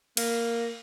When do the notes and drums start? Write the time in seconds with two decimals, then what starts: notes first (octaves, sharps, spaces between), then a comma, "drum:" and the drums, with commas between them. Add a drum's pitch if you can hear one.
0.17 A#3, drum: cymbal